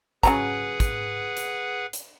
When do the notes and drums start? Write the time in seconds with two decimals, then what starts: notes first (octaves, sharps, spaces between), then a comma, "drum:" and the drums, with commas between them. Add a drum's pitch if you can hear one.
0.23 C#3 F#3 G#4 B4 F#5 A#5, drum: kick, hi-hat
0.80 drum: kick, hi-hat
1.37 drum: hi-hat
1.93 drum: hi-hat